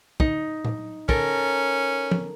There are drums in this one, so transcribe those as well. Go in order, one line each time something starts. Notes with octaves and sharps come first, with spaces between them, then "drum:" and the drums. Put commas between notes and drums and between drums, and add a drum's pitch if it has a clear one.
D#4, drum: kick
drum: tom A#2
C#4 A4 A#4, drum: kick
drum: tom